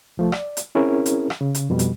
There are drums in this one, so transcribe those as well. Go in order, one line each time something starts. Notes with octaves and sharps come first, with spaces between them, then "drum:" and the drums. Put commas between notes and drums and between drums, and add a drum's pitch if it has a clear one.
C2 F3 A3
D5, drum: rim click
drum: hi-hat
C4 C#4 E4 G#4 A#4
drum: hi-hat
drum: rim click
C#3
drum: hi-hat
F2 B2 G3
drum: hi-hat